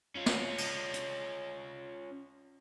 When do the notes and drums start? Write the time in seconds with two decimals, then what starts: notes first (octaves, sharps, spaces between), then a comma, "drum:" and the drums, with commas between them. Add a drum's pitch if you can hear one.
0.15 C#4 F4
0.26 drum: snare
0.58 drum: cymbal
0.94 drum: hi-hat